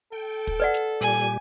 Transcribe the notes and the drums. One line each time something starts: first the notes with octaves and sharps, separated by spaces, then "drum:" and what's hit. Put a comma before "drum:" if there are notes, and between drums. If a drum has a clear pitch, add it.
A4 G5
drum: kick
B4 D5 F#5
drum: snare
A#2 G3 G4 G#5